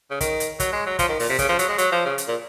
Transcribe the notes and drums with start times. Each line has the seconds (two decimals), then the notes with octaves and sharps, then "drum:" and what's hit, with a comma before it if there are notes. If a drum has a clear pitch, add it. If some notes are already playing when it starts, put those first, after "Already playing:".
0.11 C#3
0.21 D#3, drum: kick, hi-hat
0.40 drum: hi-hat
0.60 F#3, drum: kick, hi-hat
0.73 G#3
0.86 F#3
0.99 F3, drum: kick, hi-hat
1.09 D#3
1.20 A#2, drum: open hi-hat
1.29 C3
1.39 C#3, drum: kick, hi-hat
1.49 F3
1.59 F#3, drum: hi-hat
1.69 G#3
1.78 F#3, drum: hi-hat
1.92 F3
2.05 C#3
2.18 drum: hi-hat
2.28 A#2